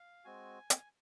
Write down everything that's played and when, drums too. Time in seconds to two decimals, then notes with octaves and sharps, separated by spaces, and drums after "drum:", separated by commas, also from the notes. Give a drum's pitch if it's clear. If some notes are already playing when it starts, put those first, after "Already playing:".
Already playing: F5
0.25 G#3 C4 F#4 G#5
0.70 drum: hi-hat